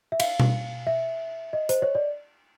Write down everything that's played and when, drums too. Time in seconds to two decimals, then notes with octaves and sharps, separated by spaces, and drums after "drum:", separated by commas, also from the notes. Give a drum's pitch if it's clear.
0.12 E5
0.20 F5, drum: cymbal
0.40 drum: tom B2
0.87 E5
1.53 D#5
1.69 C5, drum: hi-hat
1.82 C#5
1.95 D5